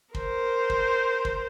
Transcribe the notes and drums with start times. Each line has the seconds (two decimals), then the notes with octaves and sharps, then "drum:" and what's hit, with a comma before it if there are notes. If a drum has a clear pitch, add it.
0.15 A#4 C5, drum: kick
0.70 drum: kick
1.25 drum: kick